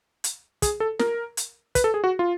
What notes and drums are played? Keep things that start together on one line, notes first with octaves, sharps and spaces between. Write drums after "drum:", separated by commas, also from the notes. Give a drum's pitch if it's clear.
drum: hi-hat
G#4, drum: kick, hi-hat
A4
A#4, drum: snare
drum: hi-hat
B4, drum: kick, hi-hat
A4
G#4
F#4
F4